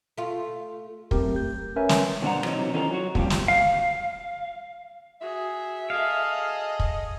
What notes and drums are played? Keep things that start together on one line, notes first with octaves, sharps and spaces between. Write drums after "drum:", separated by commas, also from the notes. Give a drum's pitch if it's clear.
A3 F4
F#3 A3 C4 G4 A#4, drum: kick
G6
C#4 A#4 B4 C#5 E5 G#5
drum: snare
G2 B2 D4 C5 F#5 A#5
C3 E3 F#3 D#4, drum: rim click
D#3 C#4 F4 A4 C5 A#5
F#3 F#4
A#2 F3 G3 C4 F4 G4, drum: kick
drum: snare
F5
F#4 G#4 E5
G#4 A4 D#5 F5
drum: kick